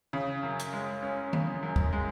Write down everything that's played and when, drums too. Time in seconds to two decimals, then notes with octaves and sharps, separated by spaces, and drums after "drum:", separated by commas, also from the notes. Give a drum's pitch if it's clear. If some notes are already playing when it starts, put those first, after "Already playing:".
0.13 C#3
0.43 F#2
0.59 drum: hi-hat
0.73 G#3
1.03 C#4
1.33 C#3, drum: tom D#3
1.63 F#2
1.76 drum: kick
1.93 G#3